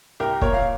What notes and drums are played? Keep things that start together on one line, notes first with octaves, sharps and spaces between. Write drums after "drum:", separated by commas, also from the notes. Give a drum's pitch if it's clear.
C2 G4 A#4
A#2 A#4 C#5, drum: kick
F5